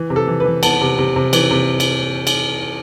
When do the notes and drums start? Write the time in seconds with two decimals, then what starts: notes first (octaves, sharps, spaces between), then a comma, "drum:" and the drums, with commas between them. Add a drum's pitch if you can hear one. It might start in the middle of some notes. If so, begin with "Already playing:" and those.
Already playing: E3
0.10 C3
0.16 A4
0.27 E3
0.40 B4
0.45 E3
0.63 B3 A5, drum: cymbal
0.81 C3
0.98 C3
1.16 C3
1.33 E3, drum: cymbal
1.51 C3
1.80 drum: cymbal
2.27 drum: cymbal